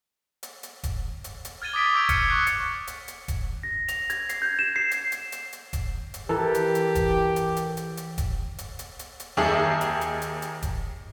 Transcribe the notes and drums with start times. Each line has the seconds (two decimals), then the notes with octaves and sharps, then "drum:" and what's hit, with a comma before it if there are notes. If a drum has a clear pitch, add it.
0.43 drum: hi-hat
0.63 drum: hi-hat
0.83 drum: kick E1, hi-hat
1.24 drum: hi-hat
1.45 drum: hi-hat
1.62 F6 G#6 A6 D#7 G7
1.73 D6 D#6 B6 D7
1.93 C#6 E6 G6 G#6 D7 F7
2.09 F6 G#6 C#7 D#7, drum: kick E1, hi-hat
2.29 C#6 F#6 C7
2.47 drum: hi-hat
2.87 drum: hi-hat
3.08 drum: hi-hat
3.28 drum: kick E1, hi-hat
3.63 A#6
3.88 F7, drum: hi-hat
4.10 G#6, drum: hi-hat
4.29 C7, drum: hi-hat
4.42 G6
4.59 E7
4.76 C7
4.91 drum: hi-hat
5.12 drum: hi-hat
5.32 drum: hi-hat
5.53 drum: hi-hat
5.73 drum: kick E1, hi-hat
6.14 drum: hi-hat
6.29 E3 G4 A4 A#4 A5
6.55 drum: hi-hat
6.75 drum: hi-hat
6.95 drum: kick E1, hi-hat
7.36 drum: hi-hat
7.56 drum: hi-hat
7.77 drum: hi-hat
7.97 drum: hi-hat
8.18 drum: kick E1, hi-hat
8.58 drum: hi-hat
8.79 drum: hi-hat
8.99 drum: hi-hat
9.20 drum: hi-hat
9.37 D#2 D#3 G#4 E5 A5 F#7
9.81 drum: hi-hat
10.01 drum: hi-hat
10.22 drum: hi-hat
10.42 drum: hi-hat
10.62 drum: kick E1, hi-hat